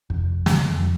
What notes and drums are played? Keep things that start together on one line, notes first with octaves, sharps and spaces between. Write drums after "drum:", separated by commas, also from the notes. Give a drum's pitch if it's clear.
F1, drum: kick
C#3 G#3, drum: snare
F2 F3